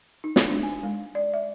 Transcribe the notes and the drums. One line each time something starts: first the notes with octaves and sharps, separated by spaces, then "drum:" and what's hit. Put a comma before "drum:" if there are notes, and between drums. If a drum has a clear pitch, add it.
D#4
drum: snare
D4
G#5
G#3
D5
E5